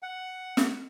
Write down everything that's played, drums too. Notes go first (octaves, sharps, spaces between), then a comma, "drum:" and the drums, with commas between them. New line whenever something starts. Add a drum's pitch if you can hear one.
F#5
drum: snare